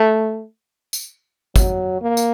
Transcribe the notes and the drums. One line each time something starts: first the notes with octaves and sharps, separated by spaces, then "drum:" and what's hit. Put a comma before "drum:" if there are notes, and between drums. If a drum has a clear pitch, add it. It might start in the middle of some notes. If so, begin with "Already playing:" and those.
Already playing: A3
drum: tambourine
F#3, drum: kick, tambourine
A#3
drum: tambourine